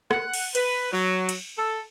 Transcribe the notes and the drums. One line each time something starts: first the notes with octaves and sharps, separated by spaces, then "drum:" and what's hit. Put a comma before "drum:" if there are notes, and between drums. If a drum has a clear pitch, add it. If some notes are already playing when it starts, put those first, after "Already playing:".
F#5, drum: rim click
drum: cymbal
B4, drum: hi-hat
F#3
drum: cymbal
A4